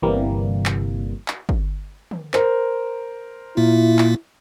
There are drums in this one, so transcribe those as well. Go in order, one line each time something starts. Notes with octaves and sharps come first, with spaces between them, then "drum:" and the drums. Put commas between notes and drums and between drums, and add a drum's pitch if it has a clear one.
G1 C3 E3 G3 A#3
drum: clap
drum: clap
drum: kick
drum: tom
A#4 C5, drum: clap
A#2 A#3 E4 F4
drum: clap